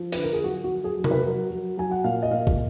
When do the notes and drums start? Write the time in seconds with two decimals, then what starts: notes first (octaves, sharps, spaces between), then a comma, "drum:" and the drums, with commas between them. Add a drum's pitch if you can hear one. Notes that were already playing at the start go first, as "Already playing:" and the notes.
Already playing: F3
0.12 D3 B4, drum: open hi-hat
0.23 A#4
0.33 G#4
0.43 F#3 F#4
0.64 F#4
0.71 F#3
0.84 G#4
0.97 F#3
1.04 A#4, drum: tom C3
1.11 B4
1.19 A#4
1.24 F#3
1.51 F#3
1.77 F#3 G#5
1.91 F#5
2.04 A#2 F5
2.23 D#5
2.31 A#2 F5
2.47 drum: kick